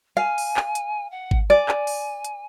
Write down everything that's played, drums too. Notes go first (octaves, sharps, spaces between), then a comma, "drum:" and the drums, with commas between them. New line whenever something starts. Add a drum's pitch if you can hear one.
F5 G#5
drum: open hi-hat
drum: clap
drum: hi-hat
F#5
drum: kick G#1
D5 G#5
drum: clap
drum: open hi-hat
drum: hi-hat